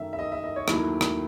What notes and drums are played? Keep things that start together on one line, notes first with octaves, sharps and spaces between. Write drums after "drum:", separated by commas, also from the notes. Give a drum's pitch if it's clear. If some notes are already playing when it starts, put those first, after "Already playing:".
Already playing: F#2 D#3 A3 E5
E5
D#5
E5
D#5
C#5
D#2 D#3 F#3 A3 E4, drum: rim click
drum: rim click